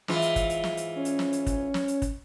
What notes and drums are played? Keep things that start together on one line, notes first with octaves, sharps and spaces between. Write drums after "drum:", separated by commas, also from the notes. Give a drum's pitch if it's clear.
G#2 E3 F4, drum: snare
drum: hi-hat
drum: kick, hi-hat
drum: hi-hat
drum: snare
drum: hi-hat
C#4
drum: hi-hat
drum: snare
drum: hi-hat
drum: kick, hi-hat
drum: snare
drum: hi-hat
drum: kick, hi-hat